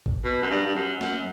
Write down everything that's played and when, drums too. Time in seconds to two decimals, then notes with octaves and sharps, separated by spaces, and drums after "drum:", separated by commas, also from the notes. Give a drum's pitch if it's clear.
0.06 drum: kick G#1
0.24 B2
0.42 F#2
0.50 G2
0.66 G2
0.75 F#2
1.01 F#2, drum: snare